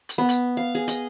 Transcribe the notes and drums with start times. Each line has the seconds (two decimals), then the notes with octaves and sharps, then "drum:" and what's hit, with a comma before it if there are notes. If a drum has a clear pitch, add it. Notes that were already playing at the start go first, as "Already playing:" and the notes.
0.09 drum: hi-hat
0.18 B3
0.29 drum: hi-hat
0.57 F5
0.75 G#4
0.88 D#5, drum: hi-hat